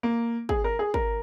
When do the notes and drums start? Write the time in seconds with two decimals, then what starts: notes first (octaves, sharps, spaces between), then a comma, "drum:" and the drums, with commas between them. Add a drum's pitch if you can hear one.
0.03 A#3
0.49 G#4, drum: kick G#1
0.64 A#4
0.79 G#4
0.94 A#4, drum: kick G#1